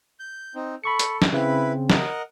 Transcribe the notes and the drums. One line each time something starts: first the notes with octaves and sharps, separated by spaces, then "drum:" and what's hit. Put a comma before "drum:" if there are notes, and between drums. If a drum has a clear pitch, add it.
G6
C4 D#4
A4 B5 C#6 C#7
drum: hi-hat
drum: snare
C#3 C4 E4 B4
A#4 D#5 F#5, drum: snare